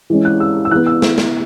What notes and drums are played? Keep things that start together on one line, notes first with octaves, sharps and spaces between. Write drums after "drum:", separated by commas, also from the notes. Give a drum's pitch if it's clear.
E3 G#3 C#4
F#6
E6
E6
E3 B3 F#6
E6
drum: snare
drum: snare